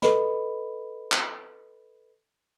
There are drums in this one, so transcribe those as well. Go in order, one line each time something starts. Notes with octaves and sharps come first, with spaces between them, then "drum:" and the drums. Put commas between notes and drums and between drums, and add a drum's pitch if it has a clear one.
A4 B4 D#5 B5, drum: snare
drum: clap